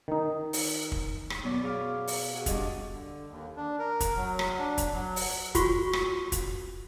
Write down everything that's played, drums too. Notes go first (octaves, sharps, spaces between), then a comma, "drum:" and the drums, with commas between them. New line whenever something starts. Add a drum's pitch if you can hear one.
D#3 D#4
drum: open hi-hat
drum: kick
drum: rim click
F#2 B2 B3 C#5 D5
G#4 F5 D6 F6
drum: open hi-hat
F#4 G#4
G2 G3 D4 D#5 A5, drum: kick, hi-hat
D3
D#2
D4
A#4
drum: kick, hi-hat
F#3
drum: rim click
D4
drum: kick, hi-hat
F#3
drum: open hi-hat
F4 F#4 C#6, drum: kick, hi-hat
drum: rim click
drum: kick, hi-hat